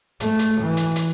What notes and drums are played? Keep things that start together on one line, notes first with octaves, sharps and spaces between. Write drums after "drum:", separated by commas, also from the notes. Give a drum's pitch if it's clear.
G#2 A3, drum: hi-hat
drum: hi-hat
E3
drum: hi-hat
drum: hi-hat